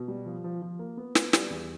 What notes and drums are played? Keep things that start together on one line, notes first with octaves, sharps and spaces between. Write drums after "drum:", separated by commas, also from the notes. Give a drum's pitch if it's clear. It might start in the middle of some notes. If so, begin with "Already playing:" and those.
Already playing: B2
G3
F3
F3
F3
A#3
B3
B3, drum: snare
G3, drum: snare
E2